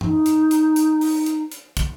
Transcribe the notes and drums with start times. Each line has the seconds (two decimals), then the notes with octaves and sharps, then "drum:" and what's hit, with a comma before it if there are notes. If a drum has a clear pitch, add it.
0.01 D#4, drum: tom G2
0.26 drum: hi-hat
0.51 drum: hi-hat
0.76 drum: hi-hat
1.01 drum: open hi-hat
1.26 drum: hi-hat
1.52 drum: hi-hat
1.77 drum: kick, hi-hat